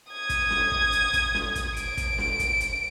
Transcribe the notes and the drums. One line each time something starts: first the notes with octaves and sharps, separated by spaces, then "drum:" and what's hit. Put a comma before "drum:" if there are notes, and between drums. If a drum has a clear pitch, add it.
D#6 G#6
drum: kick, hi-hat
drum: snare
drum: kick
drum: hi-hat
drum: kick, hi-hat
drum: snare
drum: kick, hi-hat
D7, drum: hi-hat
drum: kick, hi-hat
drum: snare
drum: kick, hi-hat
drum: hi-hat